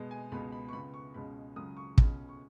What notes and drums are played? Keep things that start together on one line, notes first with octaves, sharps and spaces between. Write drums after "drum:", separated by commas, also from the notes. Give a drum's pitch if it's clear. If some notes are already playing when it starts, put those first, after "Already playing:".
Already playing: B2 G#3 B3
G#5
C#2 B2 G#3 B3 B5
B5
C#6
C#2 C#3 B3 B5
C#6
C#2 B2 G#3 C#4 B5
C#2 C#3 F#3 C#4 D#6
C#6
C#2 B2 G#3 C#4, drum: kick
C#6